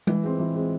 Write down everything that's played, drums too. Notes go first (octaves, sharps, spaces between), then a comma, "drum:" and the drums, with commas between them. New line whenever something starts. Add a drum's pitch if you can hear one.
E3, drum: tom G#3
G#3 C4
E3
G#3 C4